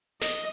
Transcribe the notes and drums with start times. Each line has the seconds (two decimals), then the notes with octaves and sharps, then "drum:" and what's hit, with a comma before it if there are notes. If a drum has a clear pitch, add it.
0.22 D#5, drum: snare